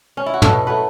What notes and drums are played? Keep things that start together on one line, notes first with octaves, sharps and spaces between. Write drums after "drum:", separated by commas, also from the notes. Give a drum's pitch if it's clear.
C#4
E4
F#4
A4, drum: tom
B2 B4
F#3 A3 B4